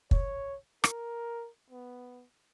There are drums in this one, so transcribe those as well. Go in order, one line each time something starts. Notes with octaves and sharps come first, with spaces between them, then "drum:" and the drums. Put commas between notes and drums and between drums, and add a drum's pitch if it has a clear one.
C#5, drum: kick
A#4, drum: rim click
B3